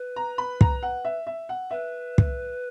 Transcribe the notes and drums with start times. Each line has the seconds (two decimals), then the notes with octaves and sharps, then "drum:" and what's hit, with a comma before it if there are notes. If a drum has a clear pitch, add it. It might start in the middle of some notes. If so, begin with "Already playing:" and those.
Already playing: B4
0.16 A#5
0.38 B5
0.61 A#5, drum: kick
0.83 F#5
1.05 E5
1.27 E5
1.49 F#5
1.71 B4 E5
2.18 drum: kick